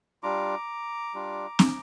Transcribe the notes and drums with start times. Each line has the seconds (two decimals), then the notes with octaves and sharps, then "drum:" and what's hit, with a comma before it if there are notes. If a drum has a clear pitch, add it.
0.23 G3 D4 F4 A#5 D6
1.14 G3 D4 F4
1.59 drum: snare C4